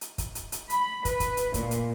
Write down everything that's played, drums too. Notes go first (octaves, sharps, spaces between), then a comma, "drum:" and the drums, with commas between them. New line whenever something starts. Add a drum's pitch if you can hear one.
drum: hi-hat
drum: kick, hi-hat
drum: hi-hat
drum: hi-hat
B5, drum: hi-hat
B4, drum: kick, hi-hat
drum: kick, hi-hat
drum: hi-hat
A#2, drum: kick, hi-hat
drum: hi-hat